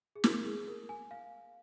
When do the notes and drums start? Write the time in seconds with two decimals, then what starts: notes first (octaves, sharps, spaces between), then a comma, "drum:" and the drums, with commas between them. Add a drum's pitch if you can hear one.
0.16 G#4
0.24 A#4, drum: snare
0.45 G#4
0.68 A#4
0.89 G#5
1.11 F5